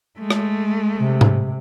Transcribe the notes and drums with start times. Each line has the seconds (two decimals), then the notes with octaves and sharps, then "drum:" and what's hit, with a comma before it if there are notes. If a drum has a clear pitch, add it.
0.19 G#3 A3
0.30 drum: rim click
0.98 C3
1.21 drum: tom G#2